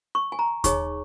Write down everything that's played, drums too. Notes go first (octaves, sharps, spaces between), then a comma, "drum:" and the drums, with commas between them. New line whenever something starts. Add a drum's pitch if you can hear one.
C#6
G#5
A#5
D#4 G#4 C#5 C#6, drum: kick D#2, hi-hat